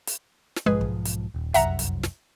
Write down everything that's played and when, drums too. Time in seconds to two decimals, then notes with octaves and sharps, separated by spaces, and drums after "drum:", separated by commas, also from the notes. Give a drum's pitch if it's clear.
0.07 drum: hi-hat
0.56 drum: snare
0.66 B1 G#2 F3 G#3 G#4 B4
0.81 drum: kick
1.05 drum: hi-hat
1.34 D#1
1.54 F1 C2 F#2 E5 F#5 A#5, drum: hi-hat
1.79 drum: hi-hat
2.03 drum: snare